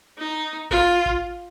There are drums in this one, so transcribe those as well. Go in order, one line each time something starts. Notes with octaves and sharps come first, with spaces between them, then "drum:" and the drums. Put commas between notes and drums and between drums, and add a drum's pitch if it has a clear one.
D#4
F4, drum: kick G#1
drum: kick G#1